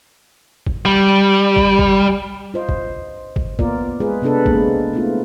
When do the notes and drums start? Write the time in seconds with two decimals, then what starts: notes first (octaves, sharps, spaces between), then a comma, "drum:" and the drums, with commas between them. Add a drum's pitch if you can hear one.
0.67 drum: kick
0.85 G3
1.56 drum: kick
1.79 drum: kick
2.54 F4 C5 D#5
2.69 drum: kick
3.36 drum: kick
3.59 A#3 B3 F4 A#4 D5, drum: kick
4.00 G#3 F4 G#4 B4
4.22 C3 B3 D4 A4 B4
4.46 G#3 A#3 C4, drum: kick
4.93 A3 B3 C4 E4 F4